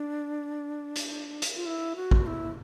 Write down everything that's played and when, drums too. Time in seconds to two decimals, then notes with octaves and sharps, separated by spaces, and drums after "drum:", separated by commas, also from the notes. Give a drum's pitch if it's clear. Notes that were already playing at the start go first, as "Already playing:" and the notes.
Already playing: D4
0.96 drum: hi-hat
1.42 drum: hi-hat
1.56 F4
1.66 E4
1.96 F#4
2.11 drum: kick
2.26 E4